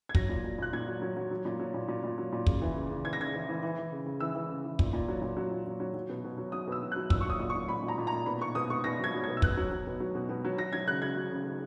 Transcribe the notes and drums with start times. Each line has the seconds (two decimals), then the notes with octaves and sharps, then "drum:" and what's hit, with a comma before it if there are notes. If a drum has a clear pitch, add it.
0.09 G#6
0.15 F#3 A#6, drum: kick
0.29 A#2
0.44 A#2
0.58 A#2 F#6
0.73 A#2 G#6
0.87 F#3
1.02 F#3
1.17 F#3
1.31 F#3
1.45 A#2
1.59 F#3
1.74 A#2
1.88 A#2
2.03 A#2
2.18 F#3
2.32 A#2
2.47 C#3, drum: kick
2.62 E3
2.76 C#3
2.90 C#3
3.05 E3 G#6
3.13 A#6
3.19 C#3 G#6
3.34 E3
3.49 E3
3.63 E3
3.78 E3
3.92 C#3
4.06 C#3
4.20 E3 E6
4.35 E3
4.49 C#3
4.64 E3
4.79 A#2, drum: kick
4.93 A#2
5.08 F#3
5.22 A#2
5.37 F#3
5.51 A#2
5.66 F#3
5.80 F#3
5.94 F#3
6.09 B2
6.24 B2
6.38 F#3
6.52 F#3 D#6
6.67 B2 E6
6.82 F#3
6.92 F#6
6.96 F#3
7.10 A#2 E6, drum: kick
7.21 C#6
7.25 F#3 D#6
7.40 A#2
7.50 C#6
7.55 F#3
7.68 A#2 B5
7.83 A#2
7.88 A#5
7.98 A#2
8.07 A#5
8.12 A#2
8.26 B2 B5
8.41 B2 C#6
8.55 B2 D#6
8.70 B2 C#6
8.84 B2 A#6
9.00 F#3 G#6
9.14 F#3
9.24 G#6
9.28 B2
9.37 E6
9.42 B2 F#6, drum: kick
9.57 F#3
9.71 F#3
9.87 B2
10.00 F#3
10.15 B2
10.29 B2
10.45 F#3
10.58 F#3 A#6
10.73 F#3 G#6
10.87 C#3 F#6
11.02 C#3 G#6
11.16 F#3
11.31 C#3
11.46 C#3